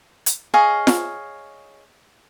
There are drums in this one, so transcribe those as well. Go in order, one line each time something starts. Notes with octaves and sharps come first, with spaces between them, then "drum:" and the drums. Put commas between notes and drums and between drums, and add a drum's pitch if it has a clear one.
drum: hi-hat
G#4 C#5 D#5 F5
drum: snare F4